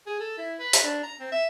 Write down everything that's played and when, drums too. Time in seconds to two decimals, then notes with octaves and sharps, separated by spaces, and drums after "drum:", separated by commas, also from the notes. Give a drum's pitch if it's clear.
0.06 G#4
0.20 A4
0.38 E4
0.60 B4
0.73 drum: hi-hat
0.83 D4
1.03 A#5
1.19 C4
1.32 E5